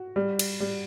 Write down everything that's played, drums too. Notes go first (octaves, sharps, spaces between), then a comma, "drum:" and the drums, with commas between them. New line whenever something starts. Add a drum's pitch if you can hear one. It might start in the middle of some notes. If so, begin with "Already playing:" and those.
Already playing: F#4
G3
drum: cymbal
G3